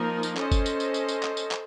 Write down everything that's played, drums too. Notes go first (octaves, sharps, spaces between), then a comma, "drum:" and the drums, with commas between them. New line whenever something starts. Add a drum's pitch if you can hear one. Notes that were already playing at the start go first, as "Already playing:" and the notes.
Already playing: F3 A#3 D#4 A#4
drum: tambourine
C#4 A4 C5 D#5, drum: clap
drum: kick F#1, tambourine
drum: tambourine
drum: tambourine
drum: tambourine
drum: tambourine
drum: clap
drum: tambourine
drum: clap